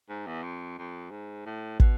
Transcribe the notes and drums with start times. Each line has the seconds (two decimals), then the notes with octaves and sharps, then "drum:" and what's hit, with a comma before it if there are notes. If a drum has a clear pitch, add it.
0.09 G#2
0.27 E2
0.43 F2
0.78 F2
1.11 G#2
1.46 A2
1.80 B2, drum: kick